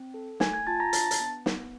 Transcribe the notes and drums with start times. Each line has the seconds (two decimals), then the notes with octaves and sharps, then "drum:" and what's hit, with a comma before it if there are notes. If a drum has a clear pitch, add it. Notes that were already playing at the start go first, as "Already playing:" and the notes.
Already playing: C4
0.14 A4
0.40 A3 G#5 G#6, drum: snare
0.54 G#5 G#6
0.67 F4 A5 A6
0.80 A#5 A#6
0.93 D4 A5 A6, drum: hi-hat
1.11 drum: hi-hat
1.20 B3
1.46 B3, drum: snare